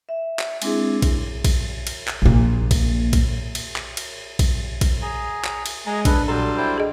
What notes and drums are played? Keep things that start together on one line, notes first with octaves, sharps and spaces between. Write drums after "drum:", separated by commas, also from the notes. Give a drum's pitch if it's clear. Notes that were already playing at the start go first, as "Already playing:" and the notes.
E5
drum: clap
G#3 C4 D4 E4 G#4, drum: cymbal
drum: kick A#1, cymbal
drum: kick A#1, cymbal
drum: cymbal
drum: clap
A#1 A#2
drum: kick A#1, cymbal
drum: kick A#1, cymbal
drum: cymbal
drum: clap
drum: cymbal
drum: kick A#1, cymbal
drum: kick A#1, cymbal
G#4 G#5 A#5
drum: clap
drum: cymbal
G#3 G#4 G#5 A#5
D4 A4 B4, drum: kick A#1, cymbal
A#2 F#3 G3 A4 C6
E4 C5 G5
G#4 D#5